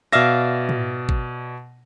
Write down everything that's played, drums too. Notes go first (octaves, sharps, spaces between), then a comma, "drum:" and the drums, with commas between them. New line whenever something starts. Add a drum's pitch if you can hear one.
B2 D5 E5 F5 A#6
drum: tom
drum: kick